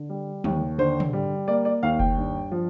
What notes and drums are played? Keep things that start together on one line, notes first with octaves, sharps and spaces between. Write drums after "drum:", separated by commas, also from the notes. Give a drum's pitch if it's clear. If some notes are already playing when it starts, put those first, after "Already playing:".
Already playing: D3
G3
D#2, drum: tom
D3 C5
drum: tom
G3
A#3 D5
D5
D#2 F5
G5, drum: kick F#1
G2
F3